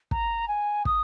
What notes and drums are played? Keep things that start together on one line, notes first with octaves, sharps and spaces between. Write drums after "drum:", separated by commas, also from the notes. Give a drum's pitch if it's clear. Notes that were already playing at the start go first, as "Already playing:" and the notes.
A#5, drum: kick
G#5
D#6, drum: kick